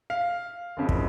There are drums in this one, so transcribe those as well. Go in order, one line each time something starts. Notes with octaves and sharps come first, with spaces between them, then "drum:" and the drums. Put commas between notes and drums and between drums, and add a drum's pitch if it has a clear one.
F5
F#1 F2 C#3
drum: kick